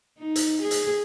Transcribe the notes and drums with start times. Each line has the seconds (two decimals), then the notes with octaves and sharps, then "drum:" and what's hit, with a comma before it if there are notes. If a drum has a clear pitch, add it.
0.18 D#4
0.36 drum: hi-hat
0.61 G#4
0.71 drum: hi-hat